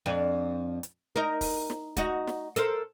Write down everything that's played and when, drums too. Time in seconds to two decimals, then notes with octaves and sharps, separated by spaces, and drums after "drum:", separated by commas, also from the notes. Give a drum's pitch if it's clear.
0.06 F2 D4
0.83 drum: hi-hat
1.16 D#4 A#4
1.41 drum: kick, open hi-hat
1.70 drum: snare
1.97 D#4 F#4, drum: kick, hi-hat
2.27 drum: snare
2.56 A4 A#4 C5, drum: hi-hat